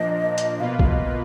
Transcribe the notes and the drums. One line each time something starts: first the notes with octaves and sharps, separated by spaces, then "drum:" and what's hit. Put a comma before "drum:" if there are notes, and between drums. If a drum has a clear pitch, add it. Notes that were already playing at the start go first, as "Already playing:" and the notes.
Already playing: A#2 F3 A#3 D4 D#5
drum: hi-hat
B2 A#3 F4 B4 F5
F5, drum: kick
D#5